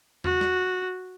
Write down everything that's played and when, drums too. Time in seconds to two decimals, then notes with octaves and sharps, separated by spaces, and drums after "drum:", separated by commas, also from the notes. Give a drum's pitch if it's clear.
0.24 F#4, drum: tom E2
0.41 drum: snare